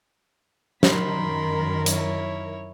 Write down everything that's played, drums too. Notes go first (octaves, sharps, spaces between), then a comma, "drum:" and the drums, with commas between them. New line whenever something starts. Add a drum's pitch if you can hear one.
F#2 D#3 A#4 B5 C6, drum: snare
E4 C#5, drum: hi-hat